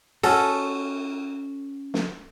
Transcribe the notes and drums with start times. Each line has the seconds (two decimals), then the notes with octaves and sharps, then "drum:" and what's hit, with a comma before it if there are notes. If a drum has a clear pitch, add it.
0.23 C#4 F#4 A4, drum: cymbal
1.94 drum: snare